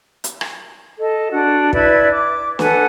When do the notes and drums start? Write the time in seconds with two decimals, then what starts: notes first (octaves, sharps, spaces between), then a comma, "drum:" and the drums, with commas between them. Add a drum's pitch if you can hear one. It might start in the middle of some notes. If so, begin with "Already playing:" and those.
0.24 drum: hi-hat
0.41 drum: rim click
1.00 A4 D#5
1.31 D4 F#4 F#5
1.73 E4 B4 D5 G#6, drum: kick
2.12 D6
2.59 A4 B4 F#5 G#5, drum: snare